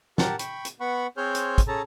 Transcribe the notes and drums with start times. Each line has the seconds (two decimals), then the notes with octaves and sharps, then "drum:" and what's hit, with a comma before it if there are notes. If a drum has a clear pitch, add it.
0.18 G4 A#4 F#5 A5, drum: snare
0.39 G5 B5 C#6, drum: hi-hat
0.65 drum: hi-hat
0.80 B3 F#5 B5 C#6
1.17 C4 G#4 C5 C#5 F6 G6
1.35 drum: hi-hat
1.58 drum: kick, hi-hat
1.68 C#4 G#4 A4 A5 A#5